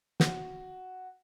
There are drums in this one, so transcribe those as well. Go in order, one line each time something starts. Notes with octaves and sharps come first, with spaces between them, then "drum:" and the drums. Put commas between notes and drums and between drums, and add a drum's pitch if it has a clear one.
F#4, drum: snare